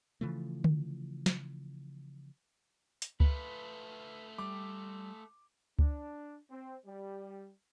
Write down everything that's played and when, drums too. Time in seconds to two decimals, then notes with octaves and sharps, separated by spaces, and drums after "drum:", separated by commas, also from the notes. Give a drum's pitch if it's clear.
0.21 C#3 E3 F3 A3
0.64 drum: tom D3
1.26 drum: snare
3.02 drum: hi-hat
3.20 A3 F4 B4, drum: kick C#2
4.38 G3 D6
5.79 D4, drum: kick C#2
6.50 C4
6.85 G3